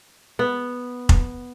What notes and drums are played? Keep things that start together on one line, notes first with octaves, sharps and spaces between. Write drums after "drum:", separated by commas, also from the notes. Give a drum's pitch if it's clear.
B3
drum: kick F1